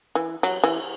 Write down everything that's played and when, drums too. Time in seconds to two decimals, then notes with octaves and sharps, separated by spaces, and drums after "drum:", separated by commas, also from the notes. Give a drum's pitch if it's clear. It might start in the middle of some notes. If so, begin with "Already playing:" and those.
0.15 E3
0.43 F#3, drum: cymbal
0.64 E3, drum: cymbal